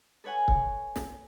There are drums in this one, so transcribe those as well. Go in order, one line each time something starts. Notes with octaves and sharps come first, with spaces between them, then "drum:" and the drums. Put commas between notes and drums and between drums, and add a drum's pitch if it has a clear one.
A4 B4 C#5 F#5 G#5
drum: kick
drum: snare